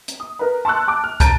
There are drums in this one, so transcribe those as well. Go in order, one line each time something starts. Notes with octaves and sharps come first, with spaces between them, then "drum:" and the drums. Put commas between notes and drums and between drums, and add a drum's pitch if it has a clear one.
drum: hi-hat
D#6
A#4 B4
A5 C6 C#6 E6 F#6
A5 D6 F#6
F6
A5 A#5 G6 A6 D7 D#7, drum: kick, hi-hat